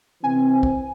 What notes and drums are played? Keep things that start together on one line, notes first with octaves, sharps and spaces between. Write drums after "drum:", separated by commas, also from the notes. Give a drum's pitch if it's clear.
C3 E3 C4 G#5
drum: kick B1